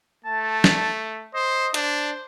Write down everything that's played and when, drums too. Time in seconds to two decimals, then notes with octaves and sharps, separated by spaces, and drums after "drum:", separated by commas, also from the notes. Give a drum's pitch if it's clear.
0.25 A3 A5
0.64 drum: snare
1.34 C5 D#5
1.74 D4 C5, drum: hi-hat